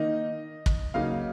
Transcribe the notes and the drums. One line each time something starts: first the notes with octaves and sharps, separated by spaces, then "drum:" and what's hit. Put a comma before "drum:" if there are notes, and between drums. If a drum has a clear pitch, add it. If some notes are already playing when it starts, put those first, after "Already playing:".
Already playing: D#3 A#3 D#4 D#5
drum: kick
C#3 F#3 A#3 D#4 F5